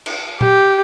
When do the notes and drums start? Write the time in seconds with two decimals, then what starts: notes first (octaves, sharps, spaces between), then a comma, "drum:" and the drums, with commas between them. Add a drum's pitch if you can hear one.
0.06 drum: cymbal
0.41 G4, drum: tom A#2